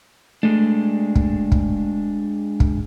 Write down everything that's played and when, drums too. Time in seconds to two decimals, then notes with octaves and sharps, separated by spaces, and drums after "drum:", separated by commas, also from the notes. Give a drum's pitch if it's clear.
0.43 G#3 A3 D4
1.15 drum: kick
1.52 drum: kick
2.60 drum: kick